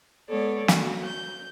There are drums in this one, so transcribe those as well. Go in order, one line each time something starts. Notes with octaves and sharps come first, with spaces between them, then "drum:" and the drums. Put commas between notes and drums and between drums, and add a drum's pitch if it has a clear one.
G#3 B3 A4 C#5 D5
A#3 F#4, drum: snare
G6